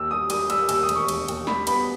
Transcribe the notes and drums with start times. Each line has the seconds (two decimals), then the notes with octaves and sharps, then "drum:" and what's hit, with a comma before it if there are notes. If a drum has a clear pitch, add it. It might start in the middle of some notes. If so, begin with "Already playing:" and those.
Already playing: D#2 E6
0.11 G3 D#6
0.30 G3 D#6, drum: cymbal
0.50 G3 E6, drum: cymbal
0.69 D#2 E6, drum: cymbal
0.83 D#6
0.89 E1, drum: cymbal
0.96 C#6
1.08 E1, drum: cymbal
1.28 D#2, drum: cymbal
1.47 G3 B5, drum: snare
1.67 B3 B5, drum: cymbal